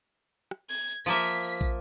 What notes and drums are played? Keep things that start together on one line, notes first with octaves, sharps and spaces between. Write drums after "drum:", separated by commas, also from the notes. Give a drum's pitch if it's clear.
drum: rim click
G#6
drum: tambourine
F3 A#3 E5 B6
drum: tambourine
drum: kick, tambourine